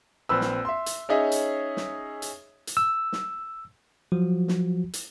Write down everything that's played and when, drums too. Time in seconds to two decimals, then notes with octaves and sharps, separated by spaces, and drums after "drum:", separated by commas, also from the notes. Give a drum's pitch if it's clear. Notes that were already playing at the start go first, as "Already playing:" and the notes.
0.29 A#1 C4 B4 E6
0.41 drum: snare
0.65 E5 C6
0.86 drum: hi-hat
1.09 C#4 D#4 G#4 C#5 D#5 E5
1.32 drum: hi-hat
1.77 drum: snare
2.22 drum: hi-hat
2.67 drum: hi-hat
2.77 E6
3.13 drum: snare
4.12 F3 F#3 F#4
4.48 drum: snare
4.93 drum: hi-hat